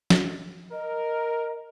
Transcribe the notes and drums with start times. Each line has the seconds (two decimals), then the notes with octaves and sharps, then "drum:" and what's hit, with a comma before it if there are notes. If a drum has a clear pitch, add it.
0.10 drum: snare
0.72 A#4 D#5